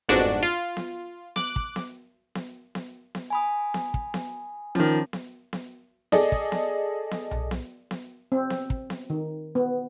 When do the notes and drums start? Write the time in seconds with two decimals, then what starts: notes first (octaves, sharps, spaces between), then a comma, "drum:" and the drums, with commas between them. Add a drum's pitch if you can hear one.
0.09 G1 F2 G#2 D4 F#4
0.43 F4
0.77 drum: snare B3
1.36 D6 F#6, drum: snare B3
1.56 drum: kick
1.76 drum: snare B3
2.35 drum: snare B3
2.75 drum: snare B3
3.15 drum: snare B3
3.30 G#5 B5 D#6
3.74 drum: snare B3
3.94 drum: kick
4.14 drum: snare B3
4.75 D#3 F3 C#4, drum: snare B3
5.13 drum: snare B3
5.53 drum: snare B3
6.12 G#4 A4 D5 D#5, drum: snare B3
6.32 drum: kick
6.52 drum: snare B3
7.11 drum: snare B3
7.31 drum: tom B1
7.51 drum: snare B3
7.91 drum: snare B3
8.32 C4
8.50 drum: snare B3
8.70 drum: kick
8.90 drum: snare B3
9.10 D#3
9.55 B3